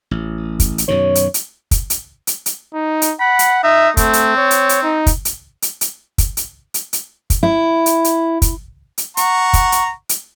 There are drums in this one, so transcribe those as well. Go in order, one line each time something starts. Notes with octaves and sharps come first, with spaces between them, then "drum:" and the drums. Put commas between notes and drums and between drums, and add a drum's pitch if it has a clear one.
A1
drum: kick, hi-hat
drum: hi-hat
F#2 B2 D#3 C#5
drum: hi-hat
drum: hi-hat
drum: kick, hi-hat
drum: hi-hat
drum: hi-hat
drum: hi-hat
D#4
drum: hi-hat
F#5 B5
drum: hi-hat
D#4 E5
A3 C4, drum: kick, hi-hat
drum: hi-hat
C#5
drum: hi-hat
drum: hi-hat
D#4
drum: kick, hi-hat
drum: hi-hat
drum: hi-hat
drum: hi-hat
drum: kick, hi-hat
drum: hi-hat
drum: hi-hat
drum: hi-hat
drum: kick, hi-hat
E4
drum: hi-hat
drum: hi-hat
drum: kick, hi-hat
drum: hi-hat
F#5 A#5 C#6, drum: hi-hat
drum: kick, hi-hat
drum: hi-hat
drum: hi-hat